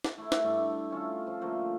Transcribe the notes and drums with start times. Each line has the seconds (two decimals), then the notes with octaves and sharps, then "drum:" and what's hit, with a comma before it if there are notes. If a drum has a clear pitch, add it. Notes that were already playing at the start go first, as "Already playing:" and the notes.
0.04 drum: snare
0.18 A3 E4
0.32 drum: snare
0.44 G2 A3 D4
0.91 A3 C#4 F4 A4
1.26 F3 F4
1.41 D3 F3 A3 A#3